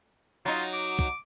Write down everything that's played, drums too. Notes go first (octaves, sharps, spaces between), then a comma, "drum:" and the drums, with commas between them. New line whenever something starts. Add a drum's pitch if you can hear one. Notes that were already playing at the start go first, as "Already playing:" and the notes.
F#3 D#4 F4
D6
drum: kick